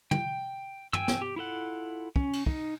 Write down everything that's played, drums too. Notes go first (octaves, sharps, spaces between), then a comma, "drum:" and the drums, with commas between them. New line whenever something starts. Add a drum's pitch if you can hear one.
G5, drum: tom
G5 G#5 E6, drum: tom
drum: snare
G4
E4 F4 A4 F#5
C#4, drum: kick
drum: cymbal
D#4, drum: kick